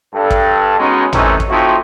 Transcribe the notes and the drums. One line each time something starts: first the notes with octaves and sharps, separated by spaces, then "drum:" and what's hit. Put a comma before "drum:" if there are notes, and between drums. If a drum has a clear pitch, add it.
G2 A4
drum: kick
G#3 B3 C#4 D#4 F#4
C3 D#3 E3 A3 C#4 D#4, drum: tom
drum: kick
A2 C3 F3 C4 D#4 F#4